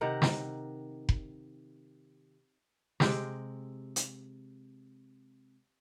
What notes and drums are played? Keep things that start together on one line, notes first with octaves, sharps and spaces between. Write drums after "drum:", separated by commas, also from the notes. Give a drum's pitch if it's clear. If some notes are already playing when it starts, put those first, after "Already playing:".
C3 D#3 A#4 F#5
drum: snare
drum: kick F1
C3 G#3 G5, drum: snare
drum: hi-hat